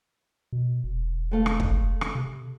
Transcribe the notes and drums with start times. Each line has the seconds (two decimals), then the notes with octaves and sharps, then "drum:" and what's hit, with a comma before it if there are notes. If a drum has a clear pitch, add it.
0.52 B2
0.84 E1
1.31 G#3 A3 F5
1.46 drum: rim click
1.60 drum: kick
2.01 drum: rim click
2.15 C3